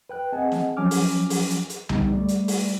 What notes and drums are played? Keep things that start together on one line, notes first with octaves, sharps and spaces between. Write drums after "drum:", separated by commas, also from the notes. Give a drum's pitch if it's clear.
B4 G5 F#6
C4 G#4 D#5 F#5 G#5 A5
drum: snare
F3 F#3 C#4 G#5 D6 F6
drum: open hi-hat
drum: open hi-hat
drum: hi-hat
drum: hi-hat
D3 G3 B3 D#4 G4, drum: tom C2
G3 A3 D5
drum: hi-hat
drum: open hi-hat